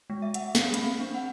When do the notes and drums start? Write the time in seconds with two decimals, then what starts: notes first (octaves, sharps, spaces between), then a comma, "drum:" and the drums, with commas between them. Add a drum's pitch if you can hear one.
0.10 G#3
0.22 E5
0.34 F#5, drum: hi-hat
0.55 F5, drum: snare
0.74 C4, drum: hi-hat
1.00 D4
1.15 F#5